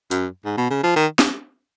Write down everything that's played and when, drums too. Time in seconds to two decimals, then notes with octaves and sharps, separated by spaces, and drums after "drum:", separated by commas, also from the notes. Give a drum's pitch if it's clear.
0.11 F#2, drum: hi-hat
0.45 G#2
0.57 B2
0.70 C#3
0.84 F3
0.96 D#3
1.19 drum: snare